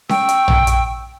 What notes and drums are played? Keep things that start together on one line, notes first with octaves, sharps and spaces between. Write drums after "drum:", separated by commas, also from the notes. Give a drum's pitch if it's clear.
G5 C#6 E6, drum: snare C#4
drum: hi-hat
drum: tom A#1
drum: hi-hat